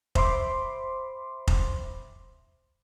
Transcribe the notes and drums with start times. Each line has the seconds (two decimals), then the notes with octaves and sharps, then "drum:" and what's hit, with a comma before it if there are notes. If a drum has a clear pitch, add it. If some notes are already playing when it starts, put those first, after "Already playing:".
0.15 C5 E5 B5 C6 D6, drum: kick F1
1.48 drum: kick F1